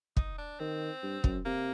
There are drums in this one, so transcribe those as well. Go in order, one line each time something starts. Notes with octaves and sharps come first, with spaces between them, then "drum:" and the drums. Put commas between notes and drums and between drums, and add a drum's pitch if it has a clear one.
D#4, drum: kick
D4
D#3 C4
G2
F#2, drum: kick
C3 A#3